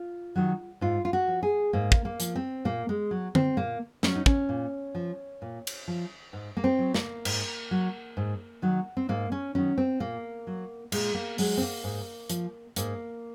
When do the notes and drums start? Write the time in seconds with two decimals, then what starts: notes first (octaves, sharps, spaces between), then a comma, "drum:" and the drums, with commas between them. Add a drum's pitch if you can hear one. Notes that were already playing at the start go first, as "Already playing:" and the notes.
Already playing: F4
0.36 D#3 F#3
0.81 G#2 F4
1.05 F4
1.13 F#4
1.27 F3
1.43 G#4
1.73 G#2 A#3
1.92 drum: kick
2.05 A#3
2.20 F3, drum: hi-hat
2.36 C4
2.65 A#2 A#3
2.89 G#3
3.11 F#3
3.35 C4, drum: tom D3
3.57 A#2 A#3
4.03 F#3 C#4, drum: snare
4.16 D#4
4.26 C#4, drum: kick
4.49 A#2
4.95 F3
5.42 A#2
5.67 drum: cymbal
5.88 F3
6.33 G#2
6.57 A#3
6.64 C4
6.79 F#3
6.94 A#3, drum: snare
7.25 G#2, drum: cymbal
7.71 F#3
8.17 G#2
8.62 D#3 F#3
8.97 C4
9.09 G#2 A#3
9.32 C#4
9.55 D#3 F#3 C#4
9.78 C4
10.00 A#2 A#3
10.47 F#3
10.92 A#2 G#3, drum: cymbal
11.15 A#3
11.38 F#3 G#3, drum: open hi-hat
11.57 C4
11.62 A#3
11.84 G#2
12.29 F3, drum: hi-hat
12.76 G#2 A#3, drum: hi-hat